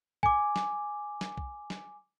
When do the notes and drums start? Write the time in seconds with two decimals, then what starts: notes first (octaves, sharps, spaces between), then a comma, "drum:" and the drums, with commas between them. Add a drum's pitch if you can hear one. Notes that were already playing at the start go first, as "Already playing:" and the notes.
0.23 G#5 D6, drum: kick B1
0.56 drum: snare
1.21 drum: snare
1.37 drum: kick B1
1.70 drum: snare